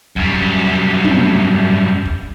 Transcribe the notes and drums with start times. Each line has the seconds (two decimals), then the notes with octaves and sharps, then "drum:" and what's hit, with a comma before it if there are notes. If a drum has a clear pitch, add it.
0.16 F#2 G3, drum: kick
1.04 drum: tom
2.06 drum: kick